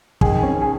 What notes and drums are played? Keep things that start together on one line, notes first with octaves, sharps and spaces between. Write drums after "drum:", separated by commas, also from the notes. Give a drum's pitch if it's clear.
D#3 G#4, drum: kick
C#4
G#4